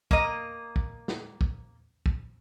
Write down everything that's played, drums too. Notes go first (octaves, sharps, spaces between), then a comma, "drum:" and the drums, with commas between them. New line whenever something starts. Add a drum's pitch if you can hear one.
A#3 D#5, drum: kick
drum: kick
drum: snare
drum: kick
drum: kick